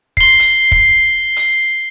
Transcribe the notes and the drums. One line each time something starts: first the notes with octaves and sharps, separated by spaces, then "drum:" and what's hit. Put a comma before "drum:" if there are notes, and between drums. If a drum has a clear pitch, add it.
C7 G7, drum: kick
drum: hi-hat
drum: kick
drum: hi-hat